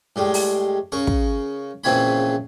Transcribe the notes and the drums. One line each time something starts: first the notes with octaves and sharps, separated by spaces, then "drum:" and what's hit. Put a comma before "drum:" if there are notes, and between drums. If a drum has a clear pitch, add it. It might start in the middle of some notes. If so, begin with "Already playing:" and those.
A2 G3 G#3
drum: open hi-hat
C#3 A#4 C#6
drum: kick
A#1 C#3 E3 C4 C#5 B5